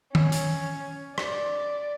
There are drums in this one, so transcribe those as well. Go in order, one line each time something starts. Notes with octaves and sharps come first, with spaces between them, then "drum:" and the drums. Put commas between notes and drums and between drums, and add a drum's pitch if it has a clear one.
C#4, drum: tom
drum: hi-hat
D5, drum: rim click